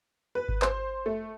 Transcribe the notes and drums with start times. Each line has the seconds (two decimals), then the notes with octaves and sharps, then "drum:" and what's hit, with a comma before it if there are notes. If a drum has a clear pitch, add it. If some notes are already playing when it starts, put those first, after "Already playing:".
0.35 B4
0.48 drum: kick G#1
0.62 C5, drum: clap
1.06 A3